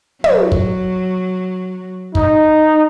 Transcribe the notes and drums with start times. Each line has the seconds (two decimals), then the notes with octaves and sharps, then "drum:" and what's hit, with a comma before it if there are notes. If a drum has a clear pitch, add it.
0.24 F#3, drum: tom
0.52 drum: kick
2.15 D#4, drum: kick